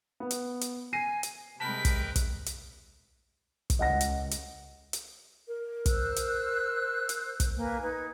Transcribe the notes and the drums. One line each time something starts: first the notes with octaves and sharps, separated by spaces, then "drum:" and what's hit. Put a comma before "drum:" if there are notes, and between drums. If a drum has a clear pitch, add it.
B3
drum: hi-hat
drum: hi-hat
G#5 A#6 C7 D#7
drum: hi-hat
C3 G#3 A#4 B4 G5 A5 B5 B6
drum: kick, hi-hat
drum: kick, hi-hat
drum: hi-hat
drum: kick, hi-hat
C#2 D#5 F#5 A#6
drum: hi-hat
drum: hi-hat
drum: hi-hat
A#4
C5 E6 F#6, drum: kick, hi-hat
drum: hi-hat
drum: hi-hat
drum: kick, hi-hat
A#3 B4 G#5
D#4 B4 G#6